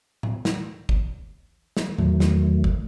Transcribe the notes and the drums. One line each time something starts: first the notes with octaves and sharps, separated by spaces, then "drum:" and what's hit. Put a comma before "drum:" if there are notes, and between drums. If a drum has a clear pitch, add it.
drum: tom A2
drum: snare
drum: kick
drum: snare
E2 D#3 F#3 A3, drum: tom A2
drum: snare
drum: kick